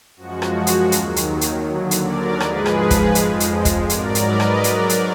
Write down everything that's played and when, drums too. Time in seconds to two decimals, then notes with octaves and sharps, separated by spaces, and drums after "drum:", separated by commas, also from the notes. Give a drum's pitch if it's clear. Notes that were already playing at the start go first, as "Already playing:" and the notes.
0.16 F#2 F3 G#3 F#4
0.42 drum: rim click
0.67 drum: hi-hat
0.92 D#2 D#3 F#3, drum: hi-hat
1.16 drum: hi-hat
1.41 drum: hi-hat
1.66 D#2 D3 F#3
1.91 drum: hi-hat
2.03 A#4 D5
2.40 G#2 F3 G#3 G#4 B4, drum: rim click
2.66 drum: rim click
2.90 drum: kick, hi-hat
3.15 F2 F3 G#3, drum: hi-hat
3.40 drum: hi-hat
3.65 drum: kick, hi-hat
3.89 G#2 F#3 A#4 D5, drum: hi-hat
4.15 drum: hi-hat
4.27 B4 D#5
4.40 drum: rim click
4.64 G#2 F#3 A#4 D5, drum: hi-hat
4.89 drum: hi-hat